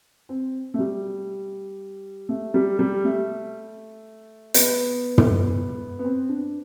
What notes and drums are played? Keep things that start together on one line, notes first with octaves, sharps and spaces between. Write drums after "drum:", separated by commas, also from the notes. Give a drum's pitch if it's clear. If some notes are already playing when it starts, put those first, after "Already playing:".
C4
A3
G3
A3
G3
G3
A3
B3, drum: hi-hat
drum: tom
B3
C4
D4